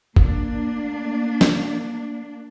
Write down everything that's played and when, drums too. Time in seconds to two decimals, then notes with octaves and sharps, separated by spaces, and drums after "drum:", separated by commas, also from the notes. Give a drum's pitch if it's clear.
0.16 A#3 D4, drum: kick F#1
1.41 drum: snare